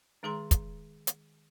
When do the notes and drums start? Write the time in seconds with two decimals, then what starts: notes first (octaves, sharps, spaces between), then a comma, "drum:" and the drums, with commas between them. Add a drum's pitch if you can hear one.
0.23 D#3 G#3 G#4 A#5 C6
0.51 drum: kick, hi-hat
1.07 drum: hi-hat